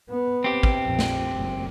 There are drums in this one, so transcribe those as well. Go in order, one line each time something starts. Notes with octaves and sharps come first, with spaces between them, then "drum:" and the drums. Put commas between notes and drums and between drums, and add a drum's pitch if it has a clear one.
B3
C4 G4
drum: kick
A#1 F2
drum: snare
F#1